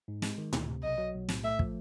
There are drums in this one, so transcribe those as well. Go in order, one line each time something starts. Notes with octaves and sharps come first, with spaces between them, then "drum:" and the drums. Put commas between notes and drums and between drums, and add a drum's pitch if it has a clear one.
G#2
G#3, drum: snare
D#3
D2, drum: tom A2
C3
B1 D#5
F#3
B1
A2, drum: snare
A3 E5
F3, drum: kick